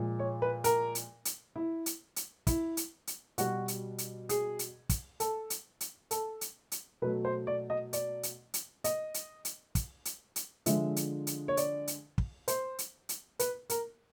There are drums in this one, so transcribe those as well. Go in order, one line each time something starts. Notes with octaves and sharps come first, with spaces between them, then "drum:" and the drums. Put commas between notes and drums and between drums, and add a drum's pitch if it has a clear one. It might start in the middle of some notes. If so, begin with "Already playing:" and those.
Already playing: A#2 F3 G#3
C#5
B4
A#4, drum: hi-hat
drum: hi-hat
drum: hi-hat
E4
drum: hi-hat
drum: hi-hat
E4, drum: kick, hi-hat
drum: hi-hat
drum: hi-hat
B2 G3 F#4, drum: hi-hat
drum: hi-hat
drum: hi-hat
G#4, drum: hi-hat
drum: hi-hat
drum: kick, hi-hat
A4, drum: hi-hat
drum: hi-hat
drum: hi-hat
A4, drum: hi-hat
drum: hi-hat
drum: hi-hat
B2 F#3 A3 B4
C5
D5
D#5
D5, drum: hi-hat
drum: hi-hat
drum: hi-hat
D#5, drum: hi-hat
drum: hi-hat
drum: hi-hat
drum: kick, hi-hat
drum: hi-hat
drum: hi-hat
D3 F3 G#3 E5, drum: hi-hat
drum: hi-hat
drum: hi-hat
C#5
D5, drum: hi-hat
drum: hi-hat
drum: kick
C5, drum: hi-hat
drum: hi-hat
drum: hi-hat
B4, drum: hi-hat
A#4, drum: hi-hat